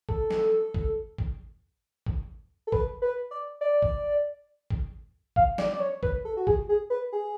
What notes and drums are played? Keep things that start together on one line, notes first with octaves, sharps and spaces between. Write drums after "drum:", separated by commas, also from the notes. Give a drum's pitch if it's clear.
A4, drum: kick
drum: snare
drum: kick
drum: kick
drum: kick
A4
B4, drum: kick
B4
D5
D5
drum: kick
drum: kick
F5, drum: kick
D5, drum: snare
D5
C#5
B4, drum: kick
A4
F#4
G#4, drum: kick
G#4
B4
G#4